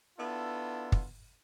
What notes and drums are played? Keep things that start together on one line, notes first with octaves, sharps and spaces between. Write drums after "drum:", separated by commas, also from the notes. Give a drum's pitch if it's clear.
B3 D4 E4 F4 A4
drum: kick